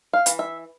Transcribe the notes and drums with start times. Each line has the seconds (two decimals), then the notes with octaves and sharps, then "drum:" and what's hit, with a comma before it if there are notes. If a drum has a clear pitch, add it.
0.13 F5
0.26 E3, drum: hi-hat
0.39 E5